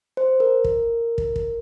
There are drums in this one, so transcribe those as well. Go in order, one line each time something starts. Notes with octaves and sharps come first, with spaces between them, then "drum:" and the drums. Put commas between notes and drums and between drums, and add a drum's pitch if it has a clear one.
C5
A#4
drum: kick
drum: kick
drum: kick